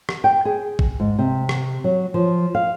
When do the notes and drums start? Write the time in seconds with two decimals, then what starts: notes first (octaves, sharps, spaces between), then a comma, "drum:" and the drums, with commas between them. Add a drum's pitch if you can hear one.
0.09 drum: rim click
0.24 G5
0.45 G#4
0.79 drum: kick A1
1.00 G#2
1.19 C3
1.49 drum: rim click
1.84 F#3
2.14 F3
2.55 F5